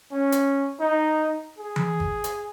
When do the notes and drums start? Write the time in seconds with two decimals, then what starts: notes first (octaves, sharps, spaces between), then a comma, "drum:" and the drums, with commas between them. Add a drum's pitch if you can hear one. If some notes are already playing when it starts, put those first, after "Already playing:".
0.12 C#4
0.32 drum: hi-hat
0.80 D#4
1.59 G#4
1.76 drum: tom E3
2.00 drum: kick G1
2.24 drum: hi-hat